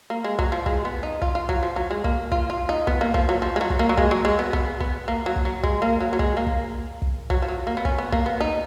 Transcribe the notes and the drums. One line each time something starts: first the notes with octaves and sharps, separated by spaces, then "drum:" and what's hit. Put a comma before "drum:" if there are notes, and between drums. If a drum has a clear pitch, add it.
A#3
G#3
F#3, drum: kick
F3
G#3, drum: kick
B3
D#4
F4, drum: kick
F4
F#3, drum: kick
F3
F#3
G#3
A#3, drum: kick
F4, drum: kick
F4
D#4
B3, drum: kick
A#3
F3, drum: kick
F#3
F3
G#3
F#3
drum: kick
A#3
F#3
G#3, drum: kick
F#3
G#3
B3
B3, drum: kick
B3, drum: kick
A#3
F#3
drum: kick
F#3
G#3, drum: kick
A#3
F#3
F#3
G#3, drum: kick
A#3
drum: kick
drum: kick
F#3, drum: kick
F3
F#3
A#3
B3
C#4, drum: kick
B3
A#3, drum: kick
B3
D#4